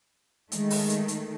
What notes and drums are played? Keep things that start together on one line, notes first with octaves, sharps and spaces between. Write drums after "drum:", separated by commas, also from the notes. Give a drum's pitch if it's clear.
D#3 G#3 A3, drum: hi-hat
drum: open hi-hat
drum: hi-hat
drum: hi-hat